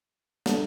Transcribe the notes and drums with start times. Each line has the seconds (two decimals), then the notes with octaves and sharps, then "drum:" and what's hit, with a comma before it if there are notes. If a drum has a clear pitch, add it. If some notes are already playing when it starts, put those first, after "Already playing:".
0.46 G3 D4 A4, drum: snare